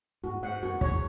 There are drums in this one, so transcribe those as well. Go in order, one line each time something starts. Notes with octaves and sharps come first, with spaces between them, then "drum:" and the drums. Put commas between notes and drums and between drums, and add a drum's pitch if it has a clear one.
G#2 F#4
G#2 F#5
F#2 F#4
E2 C#5, drum: kick